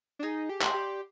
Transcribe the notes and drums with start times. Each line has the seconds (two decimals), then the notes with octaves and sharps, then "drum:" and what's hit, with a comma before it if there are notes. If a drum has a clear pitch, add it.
0.19 D4
0.23 D#4 G#4
0.49 G4
0.61 D5 G5 C6, drum: clap
0.74 G4